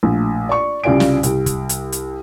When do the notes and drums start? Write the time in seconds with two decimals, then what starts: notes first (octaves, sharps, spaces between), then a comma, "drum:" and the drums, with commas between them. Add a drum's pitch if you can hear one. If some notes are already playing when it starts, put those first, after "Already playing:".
0.03 A#1 A2
0.49 D5 C#6
0.84 C2 C#3 F4 D5 G#5 D7
1.00 drum: snare
1.23 C2, drum: hi-hat
1.46 drum: kick, hi-hat
1.69 drum: hi-hat
1.92 drum: hi-hat